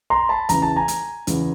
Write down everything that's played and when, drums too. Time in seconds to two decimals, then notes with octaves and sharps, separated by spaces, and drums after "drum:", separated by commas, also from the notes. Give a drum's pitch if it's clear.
0.10 A#5 C6
0.29 A5 B5
0.49 E2 C#3 E3 A#5, drum: hi-hat
0.62 A5
0.76 G#5 A#5
0.88 drum: hi-hat
1.27 E2 C#3 E3, drum: hi-hat